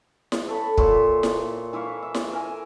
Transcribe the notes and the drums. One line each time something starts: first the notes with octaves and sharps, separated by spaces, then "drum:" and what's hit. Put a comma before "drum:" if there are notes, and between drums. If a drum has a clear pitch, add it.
drum: snare E4
A4 C#5 B5
A#2 C#5 E5 C6, drum: kick
drum: snare E4
E3 E4 F5 C#6
E5
drum: snare E4
A#4 G#5